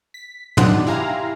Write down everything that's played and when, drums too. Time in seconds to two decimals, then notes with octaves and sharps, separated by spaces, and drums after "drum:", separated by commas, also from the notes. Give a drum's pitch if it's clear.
0.14 B6
0.57 G#2 B2 D#3 F#3 D4 F#5, drum: tom
0.87 E4 G4 F5 G#5 A#5 C6